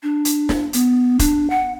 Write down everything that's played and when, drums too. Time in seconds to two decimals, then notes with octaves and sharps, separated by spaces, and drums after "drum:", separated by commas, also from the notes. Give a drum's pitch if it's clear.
0.03 D4
0.25 drum: hi-hat
0.49 drum: snare
0.73 B3, drum: hi-hat
1.19 D4, drum: kick E1, hi-hat
1.50 F#5